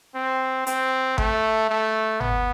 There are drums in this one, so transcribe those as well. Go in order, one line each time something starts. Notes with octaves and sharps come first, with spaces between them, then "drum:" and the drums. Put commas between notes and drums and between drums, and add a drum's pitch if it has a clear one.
C4
C4, drum: hi-hat
A3, drum: kick G#1
A3
B3, drum: tom G1